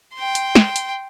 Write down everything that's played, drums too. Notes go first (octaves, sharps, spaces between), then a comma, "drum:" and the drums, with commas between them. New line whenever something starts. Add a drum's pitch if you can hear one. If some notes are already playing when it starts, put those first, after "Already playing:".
G5 C6
drum: hi-hat
drum: snare
drum: hi-hat